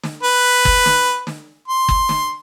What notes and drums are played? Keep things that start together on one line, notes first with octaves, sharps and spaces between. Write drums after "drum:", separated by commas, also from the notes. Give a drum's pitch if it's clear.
drum: snare
B4
drum: kick
drum: snare
drum: snare
C6
drum: kick
drum: snare